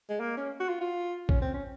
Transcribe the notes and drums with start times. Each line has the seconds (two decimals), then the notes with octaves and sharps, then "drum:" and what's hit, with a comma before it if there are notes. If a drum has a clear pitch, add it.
0.09 G#3
0.20 A#3
0.37 C#4
0.60 F#4
0.69 F4
0.81 F4
1.29 C#4, drum: kick A#1
1.42 C4
1.54 C#4